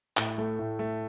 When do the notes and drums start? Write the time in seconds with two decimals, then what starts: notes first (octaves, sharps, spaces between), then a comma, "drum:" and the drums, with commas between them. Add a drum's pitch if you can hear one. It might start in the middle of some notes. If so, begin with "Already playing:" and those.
0.17 A2, drum: clap
0.38 A3
0.59 A2
0.79 A3